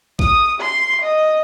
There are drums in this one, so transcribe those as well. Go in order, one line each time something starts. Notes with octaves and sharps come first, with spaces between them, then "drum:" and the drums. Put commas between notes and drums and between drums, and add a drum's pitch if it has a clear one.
D#6, drum: kick A#1
C6
D#5